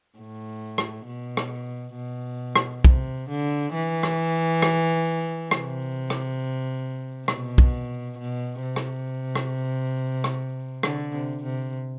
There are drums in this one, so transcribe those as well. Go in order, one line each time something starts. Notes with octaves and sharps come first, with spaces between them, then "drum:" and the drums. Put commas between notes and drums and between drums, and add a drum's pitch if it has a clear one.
A2
drum: rim click
B2
drum: rim click
B2
drum: rim click
C3, drum: kick
D3
E3
drum: rim click
drum: rim click
C3, drum: rim click
drum: rim click
B2, drum: rim click
drum: kick
B2
C3
drum: rim click
drum: rim click
drum: rim click
D3, drum: rim click
C3
C3